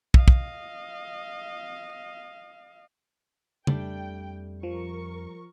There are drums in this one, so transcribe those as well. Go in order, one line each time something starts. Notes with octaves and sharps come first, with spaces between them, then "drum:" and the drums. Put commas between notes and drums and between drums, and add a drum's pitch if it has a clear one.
D#5 F5, drum: kick
drum: kick
F2 G3 A3 D4 G5, drum: tom C#3
F3 A#4 C#6